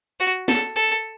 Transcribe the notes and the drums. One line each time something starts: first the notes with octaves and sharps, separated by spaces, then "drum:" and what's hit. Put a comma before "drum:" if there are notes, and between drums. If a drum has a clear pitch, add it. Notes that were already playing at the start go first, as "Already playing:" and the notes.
F#4
A4, drum: snare
A4